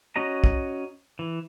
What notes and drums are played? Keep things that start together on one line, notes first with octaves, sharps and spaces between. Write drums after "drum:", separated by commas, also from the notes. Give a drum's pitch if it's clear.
C#4 F#4 D#5 A#5
drum: kick B1
E3